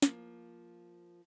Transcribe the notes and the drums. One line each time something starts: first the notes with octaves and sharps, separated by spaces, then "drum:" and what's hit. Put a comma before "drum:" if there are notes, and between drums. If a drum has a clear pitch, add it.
F3 A#3, drum: snare